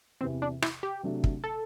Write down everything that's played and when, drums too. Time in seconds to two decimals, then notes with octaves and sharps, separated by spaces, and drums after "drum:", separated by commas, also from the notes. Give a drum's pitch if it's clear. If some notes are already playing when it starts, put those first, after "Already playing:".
0.21 E2 C3 E3 C4
0.42 D4
0.62 E4, drum: rim click
0.83 G4
1.03 C3 F#3 A3 D4
1.24 drum: kick
1.44 A4